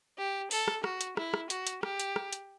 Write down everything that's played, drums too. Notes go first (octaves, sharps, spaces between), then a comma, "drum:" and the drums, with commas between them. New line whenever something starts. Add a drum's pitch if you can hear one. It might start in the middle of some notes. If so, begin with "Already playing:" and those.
G4
A4, drum: open hi-hat
drum: rim click
F#4, drum: rim click
drum: hi-hat
E4, drum: rim click
drum: rim click
F#4, drum: hi-hat
drum: hi-hat
G4, drum: rim click
drum: hi-hat
drum: rim click
drum: hi-hat